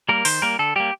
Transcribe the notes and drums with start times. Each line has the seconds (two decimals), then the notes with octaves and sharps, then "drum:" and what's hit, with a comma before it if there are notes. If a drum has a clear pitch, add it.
0.09 G3 A#3 A#4
0.25 D#3 C5, drum: open hi-hat
0.42 G3 A#3 A#4
0.59 D3 A4
0.76 G3 A#3 G4